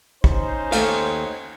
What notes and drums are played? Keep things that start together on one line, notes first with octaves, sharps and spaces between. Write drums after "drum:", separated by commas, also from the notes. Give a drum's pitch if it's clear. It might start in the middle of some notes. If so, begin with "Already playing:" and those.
C#4 D#4 C5, drum: kick
D#2 A3 F5, drum: cymbal